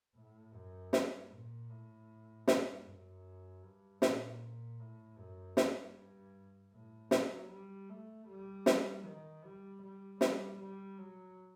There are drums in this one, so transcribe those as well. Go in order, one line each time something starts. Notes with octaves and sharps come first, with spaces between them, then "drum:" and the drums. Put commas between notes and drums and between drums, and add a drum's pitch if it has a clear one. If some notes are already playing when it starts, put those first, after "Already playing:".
A2
F#2
G2, drum: snare
A#2
A2
G2, drum: snare
F#2
G2
A#2, drum: snare
A2
F#2
G2, drum: snare
A2
F#3, drum: snare
G3
A3
G3
drum: snare
D#3
G3
G3
G3, drum: snare
G3
F#3